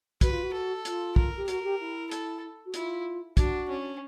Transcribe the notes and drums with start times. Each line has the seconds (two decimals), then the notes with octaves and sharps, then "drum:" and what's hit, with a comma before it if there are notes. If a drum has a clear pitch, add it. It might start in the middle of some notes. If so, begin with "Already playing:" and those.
0.21 F#4 B4, drum: kick, hi-hat
0.32 F4
0.42 F#4
0.54 A4
0.85 F4, drum: hi-hat
1.16 A#4, drum: kick
1.36 G4
1.48 F#4 A#4, drum: hi-hat
1.64 G4
1.80 E4
2.11 A4, drum: hi-hat
2.65 F#4
2.74 E4 F4, drum: hi-hat
3.37 D4 F#4, drum: kick, hi-hat
3.69 C#4